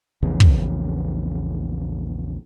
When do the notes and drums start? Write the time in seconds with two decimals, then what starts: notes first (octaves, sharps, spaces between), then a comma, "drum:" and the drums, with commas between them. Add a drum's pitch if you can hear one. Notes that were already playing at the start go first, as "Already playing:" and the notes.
0.22 A#1 E2 C#3 E3
0.40 drum: kick